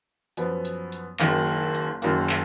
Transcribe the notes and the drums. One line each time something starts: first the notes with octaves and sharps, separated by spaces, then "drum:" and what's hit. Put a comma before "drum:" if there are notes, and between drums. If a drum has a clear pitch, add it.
F#2 F3 B3, drum: hi-hat
drum: hi-hat
drum: hi-hat
F#1 F#2 D#3 A#3, drum: clap
drum: hi-hat
F#1 F#2 D#3 A#3, drum: hi-hat
drum: clap